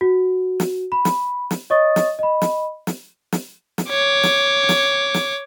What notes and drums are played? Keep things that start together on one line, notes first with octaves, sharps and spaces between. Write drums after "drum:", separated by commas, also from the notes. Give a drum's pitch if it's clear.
F#4
drum: snare
B5
drum: snare
drum: snare
C#5 D#5 C#6 D#6 A6
drum: snare
D#5 B5
drum: snare
drum: snare
drum: snare
drum: snare
C#5 D6
drum: snare
drum: snare
drum: snare